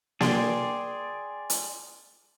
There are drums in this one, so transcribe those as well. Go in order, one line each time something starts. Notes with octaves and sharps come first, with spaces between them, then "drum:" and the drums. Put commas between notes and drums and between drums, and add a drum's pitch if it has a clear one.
G#4 D5 G5 C6, drum: snare A#3
drum: hi-hat